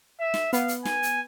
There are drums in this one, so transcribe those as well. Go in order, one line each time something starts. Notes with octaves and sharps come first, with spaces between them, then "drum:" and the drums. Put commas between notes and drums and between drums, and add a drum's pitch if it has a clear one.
E5
drum: snare
B3 F5, drum: hi-hat
drum: hi-hat
G#5, drum: snare
drum: hi-hat